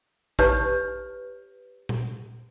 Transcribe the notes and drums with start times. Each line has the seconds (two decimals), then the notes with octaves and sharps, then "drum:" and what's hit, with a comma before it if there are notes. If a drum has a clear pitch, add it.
0.39 G4 B4 C#5, drum: kick
1.89 drum: tom A#2